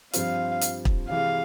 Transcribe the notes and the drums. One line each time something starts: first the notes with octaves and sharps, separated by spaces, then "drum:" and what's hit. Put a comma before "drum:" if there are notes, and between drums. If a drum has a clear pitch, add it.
G2 F3 C4 F4 F5, drum: hi-hat
drum: hi-hat
drum: kick
C3 E3 G#3 F5